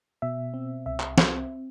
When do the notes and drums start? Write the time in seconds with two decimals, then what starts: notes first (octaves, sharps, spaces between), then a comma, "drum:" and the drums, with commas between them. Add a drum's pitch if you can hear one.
0.22 B2 E5
0.54 C4
0.86 C2 E5
1.00 drum: clap
1.18 C4, drum: snare